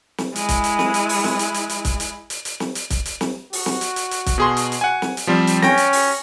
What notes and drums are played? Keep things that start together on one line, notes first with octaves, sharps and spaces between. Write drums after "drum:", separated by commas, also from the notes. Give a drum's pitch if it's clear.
drum: snare
G#3 E4, drum: hi-hat
drum: kick, hi-hat
drum: hi-hat
drum: snare
drum: hi-hat
drum: open hi-hat
drum: snare
drum: hi-hat
drum: hi-hat
drum: hi-hat
drum: kick, hi-hat
drum: hi-hat
drum: hi-hat
drum: hi-hat
drum: snare
drum: hi-hat
drum: kick, hi-hat
drum: hi-hat
drum: snare
F#4, drum: open hi-hat
drum: snare
drum: hi-hat
drum: hi-hat
drum: hi-hat
drum: kick, hi-hat
B2 G#4 C6
drum: hi-hat
drum: hi-hat
F#5 G#5
drum: snare
drum: hi-hat
F3 G3 C4
drum: hi-hat
C#4 G5 A#6, drum: snare
drum: hi-hat
drum: open hi-hat